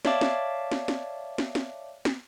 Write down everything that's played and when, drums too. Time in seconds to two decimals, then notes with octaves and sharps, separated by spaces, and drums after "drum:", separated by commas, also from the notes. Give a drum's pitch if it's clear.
0.05 C#5 D5 E5 F5 A5 D6, drum: snare
0.21 drum: snare
0.71 drum: snare
0.88 drum: snare
1.38 drum: snare
1.55 drum: snare
2.05 drum: snare